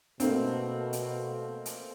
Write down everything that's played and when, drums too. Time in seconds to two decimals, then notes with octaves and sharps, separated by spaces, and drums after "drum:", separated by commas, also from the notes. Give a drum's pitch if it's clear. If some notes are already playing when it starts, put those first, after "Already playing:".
0.20 B2 A3 A#3 C4, drum: hi-hat
0.93 drum: hi-hat
1.66 drum: hi-hat